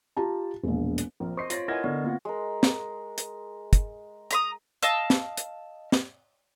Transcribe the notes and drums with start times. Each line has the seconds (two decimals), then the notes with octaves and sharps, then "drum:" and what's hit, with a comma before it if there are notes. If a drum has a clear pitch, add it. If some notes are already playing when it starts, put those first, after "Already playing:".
0.17 F4 G4 A5 A#5
0.64 E1 A#1
0.98 drum: hi-hat
1.20 A#1 C4 A#4
1.37 C5 D#5 C#6 C7
1.50 F4 C#5 A6 A#6 C7, drum: hi-hat
1.68 E4 A#4 B4 D#5 F#5 G#5 G#6 A#6
1.84 D3 B3
2.04 A#3 C4 F4 F#5
2.25 G#3 A#4
2.63 drum: snare
3.18 drum: hi-hat
3.73 drum: kick, hi-hat
4.31 A#5 B5 D#6, drum: hi-hat
4.83 D#5 F5 A5 E6, drum: hi-hat
5.10 drum: snare
5.37 drum: hi-hat
5.92 drum: snare